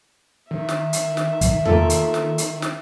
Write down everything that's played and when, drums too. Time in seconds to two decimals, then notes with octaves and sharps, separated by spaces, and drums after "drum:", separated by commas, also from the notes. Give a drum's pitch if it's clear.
0.51 D#3 E5
0.69 drum: snare
0.93 drum: hi-hat
1.17 drum: snare
1.41 drum: kick, hi-hat
1.65 A#3 F4 A4, drum: tom E2
1.90 drum: hi-hat
2.14 drum: snare
2.38 drum: hi-hat
2.62 drum: snare